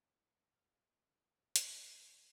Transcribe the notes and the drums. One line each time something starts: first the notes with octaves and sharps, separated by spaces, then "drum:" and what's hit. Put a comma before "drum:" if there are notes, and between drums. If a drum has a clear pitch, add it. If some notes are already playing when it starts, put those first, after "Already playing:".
F#4
F4
D#4
D4, drum: hi-hat